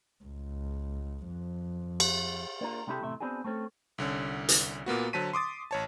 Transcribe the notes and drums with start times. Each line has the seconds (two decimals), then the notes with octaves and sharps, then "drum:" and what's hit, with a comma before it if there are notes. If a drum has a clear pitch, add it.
0.25 C#2
1.29 F2
2.00 drum: cymbal
2.61 A#3 D4 F4 A#4
2.87 C3 G#3 D4 E4 G4 A4
3.01 E2 A2 C3 A3 E5
3.20 B3 C4 D4 F#4 G#4
3.44 A3 C4 C#4 A4
3.98 C2 D3 C#4
4.49 drum: hi-hat
4.86 A#2 A#3 B3 F#4
5.13 D3 F#3 C5 A5 B6 D#7
5.33 C6 D6 D#6 A6
5.71 A1 C#5 A5